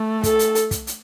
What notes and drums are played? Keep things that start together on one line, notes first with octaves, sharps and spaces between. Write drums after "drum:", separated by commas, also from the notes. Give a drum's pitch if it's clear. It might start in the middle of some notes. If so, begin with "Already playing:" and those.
Already playing: A3
A4, drum: kick, hi-hat
drum: hi-hat
drum: hi-hat
drum: kick, hi-hat
drum: hi-hat